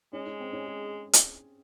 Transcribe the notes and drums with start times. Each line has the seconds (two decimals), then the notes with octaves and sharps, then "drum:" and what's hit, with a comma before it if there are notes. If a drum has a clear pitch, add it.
0.13 G#3 C#4
0.26 C#4
0.40 C4
0.53 C#4
0.66 G#4
1.13 drum: hi-hat